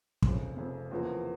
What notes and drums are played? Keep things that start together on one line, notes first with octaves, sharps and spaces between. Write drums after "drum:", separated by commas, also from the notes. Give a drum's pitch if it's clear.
F1 F2 C#3, drum: kick
F1 F2 C#3
E2 C#3 F3 A#3